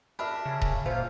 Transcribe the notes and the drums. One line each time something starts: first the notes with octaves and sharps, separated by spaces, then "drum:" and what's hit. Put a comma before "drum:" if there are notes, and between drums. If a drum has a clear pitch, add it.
D4 A#4 E5 B5
C#3
drum: kick D#1
A#2 C5 F5